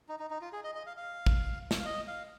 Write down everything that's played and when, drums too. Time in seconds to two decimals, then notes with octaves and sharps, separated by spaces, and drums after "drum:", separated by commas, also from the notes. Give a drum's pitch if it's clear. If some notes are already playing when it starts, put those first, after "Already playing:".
0.09 D#4
0.20 D#4
0.30 D#4
0.41 F4
0.53 G#4
0.64 D#5
0.75 D#5
0.86 F5
0.97 F5
1.26 drum: kick
1.71 drum: snare
1.80 F5
1.85 D#5
2.07 F5